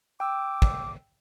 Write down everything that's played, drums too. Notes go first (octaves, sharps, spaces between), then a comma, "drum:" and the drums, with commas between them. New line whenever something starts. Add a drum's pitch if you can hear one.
G5 D6 E6
drum: kick